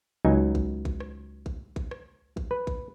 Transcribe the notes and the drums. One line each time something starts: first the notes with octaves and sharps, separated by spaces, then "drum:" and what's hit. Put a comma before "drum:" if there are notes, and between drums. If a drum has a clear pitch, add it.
C#2 F#3 D#4 G#5
drum: kick A1
drum: kick A1
drum: rim click
drum: kick A1
drum: kick A1
drum: rim click
drum: kick A1
B4
drum: kick A1